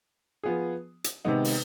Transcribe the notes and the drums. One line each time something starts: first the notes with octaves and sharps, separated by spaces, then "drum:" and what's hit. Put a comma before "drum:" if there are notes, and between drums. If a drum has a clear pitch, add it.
F3 B3 F4 G#4
drum: hi-hat
C3 D#3 G#3 B3 D#4
drum: open hi-hat